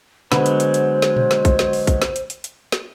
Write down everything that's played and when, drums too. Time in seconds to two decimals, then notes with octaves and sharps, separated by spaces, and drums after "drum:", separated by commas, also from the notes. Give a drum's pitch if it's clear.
0.32 D3 F#3 G#3 B3 C5 B5, drum: snare
0.46 drum: hi-hat
0.60 drum: hi-hat
0.74 drum: hi-hat
1.02 drum: snare
1.17 drum: tom A#2
1.31 drum: snare
1.45 drum: kick, hi-hat
1.59 drum: snare
1.73 drum: open hi-hat
1.87 drum: kick, hi-hat
2.02 drum: snare
2.16 drum: hi-hat
2.30 drum: hi-hat
2.44 drum: hi-hat
2.72 drum: snare